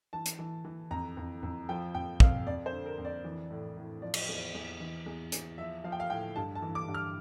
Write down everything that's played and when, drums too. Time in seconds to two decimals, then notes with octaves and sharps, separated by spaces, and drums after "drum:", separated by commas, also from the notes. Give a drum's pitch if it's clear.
0.13 E3 A5
0.26 drum: hi-hat
0.39 E3
0.65 E3
0.91 F2 A#5
1.17 F2
1.43 F2
1.69 F3 G5
1.95 F2 G5
2.20 F2 F5, drum: kick
2.47 F2 D5
2.66 C5
2.72 D3
2.86 A#4
2.98 F2
3.05 D5
3.25 E3
3.51 A2
3.77 A2
4.02 F3 D5
4.14 drum: cymbal
4.29 E2
4.55 E2
4.80 E3
5.06 E2
5.32 E2, drum: hi-hat
5.58 F3 E5
5.84 F3 F5
5.92 G5
6.00 F5
6.10 A2 G5
6.36 G2 A5
6.55 A5
6.62 E3
6.75 D6
6.88 G2
6.94 F6